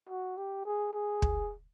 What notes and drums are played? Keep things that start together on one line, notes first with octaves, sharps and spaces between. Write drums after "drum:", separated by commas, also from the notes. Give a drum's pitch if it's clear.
F#4
G4
G#4
G#4
drum: kick